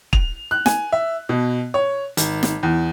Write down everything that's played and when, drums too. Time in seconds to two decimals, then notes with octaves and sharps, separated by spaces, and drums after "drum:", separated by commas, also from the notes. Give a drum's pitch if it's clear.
0.13 F7, drum: kick
0.51 F#6
0.66 G#5, drum: snare
0.92 E5
1.29 B2
1.74 C#5
2.17 G#1, drum: hi-hat
2.43 drum: snare
2.63 E2